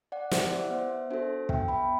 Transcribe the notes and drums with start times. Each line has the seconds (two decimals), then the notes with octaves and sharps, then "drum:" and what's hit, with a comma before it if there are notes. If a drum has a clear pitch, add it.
0.12 D5 F#5
0.31 E4 G4 C5 E5, drum: snare
0.51 D5 F#5
0.70 B3 C5 E5
1.10 D4 F#4 A4 C5
1.49 B3 E5 G5, drum: kick
1.68 G5 B5